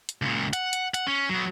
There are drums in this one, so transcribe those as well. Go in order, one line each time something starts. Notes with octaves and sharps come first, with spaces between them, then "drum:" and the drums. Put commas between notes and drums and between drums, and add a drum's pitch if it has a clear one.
drum: hi-hat
C#2 A#2
F#5, drum: hi-hat
drum: hi-hat
F#5, drum: hi-hat
C#4
F#3 B3